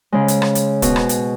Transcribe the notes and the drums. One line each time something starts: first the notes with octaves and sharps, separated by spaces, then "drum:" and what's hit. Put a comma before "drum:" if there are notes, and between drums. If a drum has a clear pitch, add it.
C#3 G#3
drum: hi-hat
drum: rim click
drum: hi-hat
B2, drum: kick, hi-hat
drum: rim click
drum: hi-hat